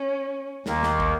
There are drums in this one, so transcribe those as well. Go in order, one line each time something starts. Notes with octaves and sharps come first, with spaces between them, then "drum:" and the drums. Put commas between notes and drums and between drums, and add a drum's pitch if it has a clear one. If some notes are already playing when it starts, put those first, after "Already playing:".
Already playing: C#4
D#2 D#3 A#3, drum: snare
drum: snare
drum: kick